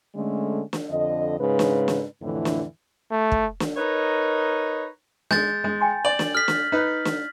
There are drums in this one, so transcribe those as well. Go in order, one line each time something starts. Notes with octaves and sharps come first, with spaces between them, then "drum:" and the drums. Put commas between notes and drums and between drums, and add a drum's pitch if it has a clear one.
D3 G#3 A3 C#4
drum: snare
F2 D3 D#5
G#2 C#3 B4
drum: snare
drum: snare
F2 A2 D3 E3
drum: snare
A3
drum: kick
drum: snare
D#4 A#4 B4 C#5 D#5
G#3 G6 A6, drum: snare
G#3
G5 G#5 C6
D5 F#7
drum: snare
A4 F6 B6
drum: snare
D#4 B4
drum: snare